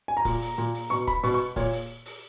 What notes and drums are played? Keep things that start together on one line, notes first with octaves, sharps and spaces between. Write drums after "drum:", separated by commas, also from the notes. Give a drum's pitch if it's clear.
G#5
A#5
A#2, drum: kick, open hi-hat
drum: open hi-hat
A#2, drum: hi-hat
drum: open hi-hat
B2 C#6, drum: hi-hat
B5, drum: kick, hi-hat
B2 C#6, drum: open hi-hat
C#6
A#2 C#5, drum: kick, open hi-hat
drum: open hi-hat
drum: open hi-hat